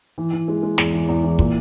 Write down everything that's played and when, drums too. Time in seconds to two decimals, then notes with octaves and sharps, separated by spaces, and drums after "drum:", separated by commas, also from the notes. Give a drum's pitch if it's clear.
0.18 E3
0.33 E3
0.48 G#3
0.63 G#3
0.78 E2, drum: snare
0.93 E3
1.08 E2
1.24 E3
1.39 A#2, drum: kick